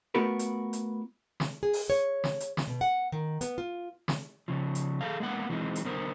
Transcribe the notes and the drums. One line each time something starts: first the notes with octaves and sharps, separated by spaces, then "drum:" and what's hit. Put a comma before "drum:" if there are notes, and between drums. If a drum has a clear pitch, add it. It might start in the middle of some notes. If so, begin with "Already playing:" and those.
A3 B3 F4 F#4 A#4 B4
drum: hi-hat
drum: hi-hat
drum: snare
G#4
drum: open hi-hat
C#5
drum: snare
drum: hi-hat
drum: snare
B2
F#5
D#3
B3, drum: hi-hat
F4
drum: snare
C#3 F3
drum: hi-hat
G#4 A4 B4 F5
G#3 A#3 B3 F#5
E3 G#3 C4 D#4
drum: hi-hat
D3 B3 A#4 C5